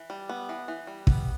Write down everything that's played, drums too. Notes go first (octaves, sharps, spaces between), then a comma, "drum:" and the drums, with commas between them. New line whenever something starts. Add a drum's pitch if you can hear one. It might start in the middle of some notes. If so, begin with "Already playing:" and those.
Already playing: E3
G3
B3
E3
E3
G3
B3, drum: kick